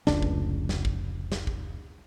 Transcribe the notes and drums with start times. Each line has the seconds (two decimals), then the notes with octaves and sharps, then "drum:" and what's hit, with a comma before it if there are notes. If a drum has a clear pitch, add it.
0.07 F1 C#2 D4, drum: snare
0.22 drum: kick
0.69 drum: snare
0.85 drum: kick
1.32 drum: snare
1.47 drum: kick